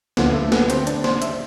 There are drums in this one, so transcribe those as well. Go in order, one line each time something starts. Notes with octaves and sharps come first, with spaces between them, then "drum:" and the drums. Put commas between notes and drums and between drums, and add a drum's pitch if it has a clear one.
D2 D3 F3 B3, drum: snare
A3
B3, drum: snare
C4, drum: hi-hat
D4, drum: hi-hat
C5, drum: snare
E5, drum: hi-hat